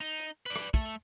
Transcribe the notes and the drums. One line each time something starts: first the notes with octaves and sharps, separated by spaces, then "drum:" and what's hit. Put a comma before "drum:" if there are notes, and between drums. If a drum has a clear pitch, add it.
D#4
drum: hi-hat
B4 D5
drum: rim click
A3, drum: kick